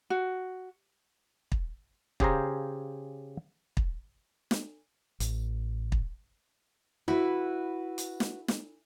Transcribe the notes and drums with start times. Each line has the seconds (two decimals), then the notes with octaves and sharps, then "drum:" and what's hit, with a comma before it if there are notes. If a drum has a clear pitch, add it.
0.10 F#4
1.52 drum: kick
2.20 C#3 G4 G#4 C5 F5 A#5, drum: kick
3.77 drum: kick
4.51 drum: snare
5.20 A1, drum: hi-hat
5.92 drum: kick
7.08 E4 F#4 B4
7.98 drum: hi-hat
8.20 drum: snare
8.48 drum: snare